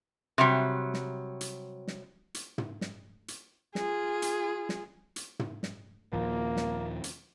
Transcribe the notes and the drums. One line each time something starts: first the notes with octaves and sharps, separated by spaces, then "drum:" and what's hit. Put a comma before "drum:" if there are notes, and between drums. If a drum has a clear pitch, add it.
C3 F#3 G3
drum: snare
drum: hi-hat
drum: snare
drum: hi-hat
drum: tom
drum: snare
drum: hi-hat
F4 G#4, drum: snare
drum: hi-hat
drum: snare
drum: hi-hat
drum: tom
drum: snare
D#2 A#2 F3 A#3
drum: snare
drum: hi-hat